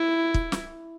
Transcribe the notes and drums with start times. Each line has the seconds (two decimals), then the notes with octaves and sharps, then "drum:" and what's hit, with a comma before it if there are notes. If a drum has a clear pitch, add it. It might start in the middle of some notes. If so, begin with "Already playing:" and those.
Already playing: E4
0.34 drum: kick
0.52 drum: snare